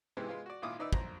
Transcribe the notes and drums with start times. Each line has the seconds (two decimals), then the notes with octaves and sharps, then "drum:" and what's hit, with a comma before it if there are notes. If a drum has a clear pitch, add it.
0.17 G#2 C3 E3 G#3 B3 G4
0.29 G#3 B3 F4
0.46 F#4 D5
0.62 G#1 A#2 E4 F4 D6 D#6
0.79 D#3 D#4 B4 D5 E5 E6
0.93 A#1 C5 A#5, drum: kick